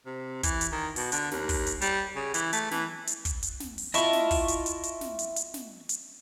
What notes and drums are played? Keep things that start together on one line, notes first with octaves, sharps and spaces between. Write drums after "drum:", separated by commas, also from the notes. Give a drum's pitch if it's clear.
C3
E3, drum: kick, hi-hat
drum: hi-hat
D#3
B2, drum: open hi-hat
D3, drum: hi-hat
D#2, drum: snare
drum: kick, open hi-hat
drum: hi-hat
G3, drum: hi-hat
C#3
E3, drum: hi-hat
A3, drum: hi-hat
E3, drum: snare
drum: hi-hat
drum: kick, hi-hat
drum: hi-hat
drum: snare
drum: open hi-hat
E4 F4 D#5 A5 C#6, drum: hi-hat
drum: snare
drum: kick, open hi-hat
drum: hi-hat
drum: hi-hat
drum: hi-hat
drum: snare
drum: hi-hat
drum: hi-hat
drum: snare
drum: hi-hat